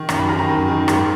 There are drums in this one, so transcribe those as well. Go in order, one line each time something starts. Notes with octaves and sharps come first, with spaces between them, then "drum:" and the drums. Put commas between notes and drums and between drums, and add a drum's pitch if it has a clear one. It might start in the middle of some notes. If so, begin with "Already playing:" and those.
Already playing: D#3
F#2, drum: rim click
B5
D#3 A#5
A#5
F#2
D#3
G#2, drum: rim click